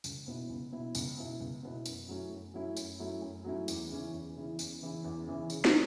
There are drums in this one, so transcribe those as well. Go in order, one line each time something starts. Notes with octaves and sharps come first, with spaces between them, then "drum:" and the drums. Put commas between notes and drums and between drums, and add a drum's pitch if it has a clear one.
C#2, drum: tambourine
B2 B3 E4
C#2
B2 B3 E4
C#2, drum: tambourine
B2 B3 E4
C#2
B2 B3 E4
F#2, drum: tambourine
F#3 A3 C#4 E4
F#2
F#3 A3 C#4 E4
F#2, drum: tambourine
F#3 A3 C#4 E4
F#2
F#3 A3 C#4 E4
E2, drum: tambourine
C#3 E3 C#4 E4
E2
C#3 E3 C#4 E4
E2, drum: tambourine
C#3 E3 C#4 E4
E2
C#3 E3 C#4 E4
C#3, drum: tambourine
drum: snare